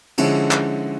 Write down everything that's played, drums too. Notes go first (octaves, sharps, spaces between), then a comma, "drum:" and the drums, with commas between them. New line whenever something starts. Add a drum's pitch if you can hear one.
D3 F3 G#3 C#4 E4, drum: cymbal
drum: clap